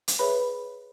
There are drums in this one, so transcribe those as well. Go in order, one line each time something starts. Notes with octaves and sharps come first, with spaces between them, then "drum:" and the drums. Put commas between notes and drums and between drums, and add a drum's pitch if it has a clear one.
drum: hi-hat
G#4 B4 C#5 E5 B5